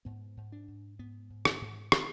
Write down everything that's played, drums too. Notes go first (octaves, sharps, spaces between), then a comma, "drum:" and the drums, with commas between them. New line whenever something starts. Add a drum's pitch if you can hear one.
G#2 B3
G#2
D4
G#2
G#2 B3
G#2
drum: rim click
G#2
drum: rim click